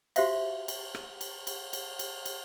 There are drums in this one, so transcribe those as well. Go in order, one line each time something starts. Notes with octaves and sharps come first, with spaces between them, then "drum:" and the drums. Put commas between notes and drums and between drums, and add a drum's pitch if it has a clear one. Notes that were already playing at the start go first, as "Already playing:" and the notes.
F#4 G4 C5 E5 F5, drum: cymbal
drum: cymbal
drum: rim click
drum: cymbal
drum: cymbal
drum: cymbal
drum: cymbal
drum: cymbal